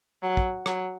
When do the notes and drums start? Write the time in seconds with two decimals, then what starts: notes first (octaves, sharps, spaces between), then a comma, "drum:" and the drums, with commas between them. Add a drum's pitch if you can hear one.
0.23 F#3
0.37 drum: kick
0.66 F#3, drum: rim click